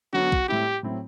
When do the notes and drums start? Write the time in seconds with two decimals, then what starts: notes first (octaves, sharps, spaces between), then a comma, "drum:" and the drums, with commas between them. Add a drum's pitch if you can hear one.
0.13 D3 F#3 B3 D4 F#4
0.32 drum: kick B1
0.48 A2 G3 C4 E4 G4
0.83 A2 F#3 C4 E4